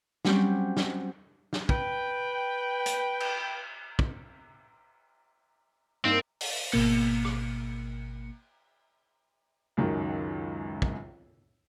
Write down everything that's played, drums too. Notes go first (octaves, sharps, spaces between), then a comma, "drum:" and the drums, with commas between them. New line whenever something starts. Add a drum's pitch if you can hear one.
F#3 G3 C4 C#4 G4, drum: snare
drum: snare
drum: snare
B4 G5, drum: kick
drum: hi-hat
drum: cymbal
drum: kick
G2 A#3 C4 D#4
drum: open hi-hat
G#1 B2 A#3 C#7, drum: cymbal
drum: rim click
C#2 F#2 D#3
drum: kick